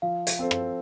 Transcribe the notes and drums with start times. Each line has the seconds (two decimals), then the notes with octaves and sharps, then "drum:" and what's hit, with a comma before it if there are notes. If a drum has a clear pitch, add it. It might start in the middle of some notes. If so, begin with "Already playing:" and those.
0.02 F3 F5
0.27 drum: hi-hat
0.39 C4 A4 C5
0.51 drum: rim click